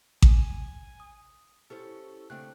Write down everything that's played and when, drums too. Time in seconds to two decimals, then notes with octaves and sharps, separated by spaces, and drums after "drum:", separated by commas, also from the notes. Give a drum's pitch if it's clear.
0.22 G#5, drum: kick A1
1.00 D#6
1.70 C#4 E4 G4 A4 C5
2.30 C#3 A3 C4 D4 F#6